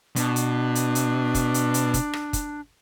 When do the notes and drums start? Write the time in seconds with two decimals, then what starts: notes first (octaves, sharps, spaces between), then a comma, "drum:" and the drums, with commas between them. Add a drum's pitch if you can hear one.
0.16 B2 D4, drum: hi-hat
0.36 drum: hi-hat
0.75 drum: hi-hat
0.95 drum: hi-hat
1.35 drum: kick, hi-hat
1.54 drum: hi-hat
1.74 drum: hi-hat
1.94 drum: kick, hi-hat
2.13 drum: rim click
2.33 drum: kick, hi-hat